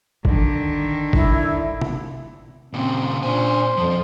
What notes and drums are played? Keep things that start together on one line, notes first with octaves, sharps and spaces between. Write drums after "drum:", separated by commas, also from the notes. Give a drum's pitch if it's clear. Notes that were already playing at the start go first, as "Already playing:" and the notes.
D3 D#3, drum: kick G1
E4, drum: kick G1
drum: tom
A#2 C#3 C4
A#2 D4 C5 G#5
F2 F3